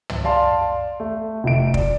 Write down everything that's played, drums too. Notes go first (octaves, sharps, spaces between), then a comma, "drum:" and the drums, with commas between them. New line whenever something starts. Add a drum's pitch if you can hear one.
drum: tom
D5 F5 A5 C6
A3
F1 E4 D7
D5, drum: kick